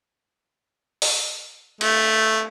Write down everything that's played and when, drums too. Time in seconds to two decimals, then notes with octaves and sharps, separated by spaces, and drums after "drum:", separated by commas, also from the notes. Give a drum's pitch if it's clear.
1.02 drum: open hi-hat
1.81 A3, drum: cymbal